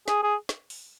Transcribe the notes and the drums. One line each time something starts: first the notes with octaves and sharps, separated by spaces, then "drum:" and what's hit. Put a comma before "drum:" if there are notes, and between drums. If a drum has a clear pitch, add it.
G#4, drum: snare
G#4
drum: snare
drum: open hi-hat